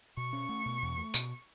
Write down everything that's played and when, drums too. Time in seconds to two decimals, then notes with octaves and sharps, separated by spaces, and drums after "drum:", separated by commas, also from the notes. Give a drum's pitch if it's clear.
0.17 B2 C#6
0.33 C#4
0.49 A3
0.66 B2
0.82 E2
0.98 A3
1.14 B2, drum: tambourine